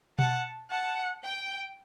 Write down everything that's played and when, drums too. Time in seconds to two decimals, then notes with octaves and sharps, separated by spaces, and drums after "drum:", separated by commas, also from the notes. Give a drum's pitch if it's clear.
0.19 F#5 A5, drum: tom B2
0.71 F#5 A5
1.23 G5